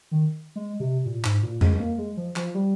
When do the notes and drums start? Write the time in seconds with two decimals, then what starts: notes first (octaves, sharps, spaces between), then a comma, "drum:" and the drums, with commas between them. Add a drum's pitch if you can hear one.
0.11 D#3
0.56 G#3
0.80 C3
1.05 A#2
1.24 G#2, drum: clap
1.43 A#2
1.61 G#3, drum: tom F2
1.80 A#3
1.98 G#3
2.17 F3
2.36 F3, drum: clap
2.54 G3